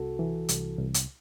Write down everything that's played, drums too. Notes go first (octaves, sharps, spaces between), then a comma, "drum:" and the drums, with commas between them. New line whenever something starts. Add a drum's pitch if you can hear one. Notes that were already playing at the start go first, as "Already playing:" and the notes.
Already playing: C2 C3 F#4 A4
E3
C2, drum: hi-hat
C2
drum: hi-hat